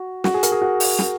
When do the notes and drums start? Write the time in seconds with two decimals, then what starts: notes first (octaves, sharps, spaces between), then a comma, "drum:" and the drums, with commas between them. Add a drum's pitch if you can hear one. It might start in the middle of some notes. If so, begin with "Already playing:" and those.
Already playing: F#4
0.24 F#4, drum: snare
0.34 G#4
0.43 A#4, drum: hi-hat
0.52 G#4
0.62 F#4
0.80 drum: open hi-hat
0.98 drum: snare